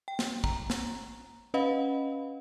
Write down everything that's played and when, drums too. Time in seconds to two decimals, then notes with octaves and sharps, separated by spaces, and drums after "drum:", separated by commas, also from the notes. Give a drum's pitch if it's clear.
0.08 G5
0.19 drum: snare
0.44 A#5, drum: kick
0.70 drum: snare
1.54 C#4 B4 D#5 F5 F#5 B5